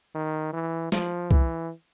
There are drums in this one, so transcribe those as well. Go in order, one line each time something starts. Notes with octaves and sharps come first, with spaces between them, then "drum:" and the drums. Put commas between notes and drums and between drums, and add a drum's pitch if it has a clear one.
D#3
E3
F3, drum: snare
E3, drum: kick